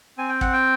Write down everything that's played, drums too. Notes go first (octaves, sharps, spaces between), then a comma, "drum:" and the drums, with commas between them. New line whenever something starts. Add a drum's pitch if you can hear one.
C4 G#5
G5
F#5, drum: kick
G5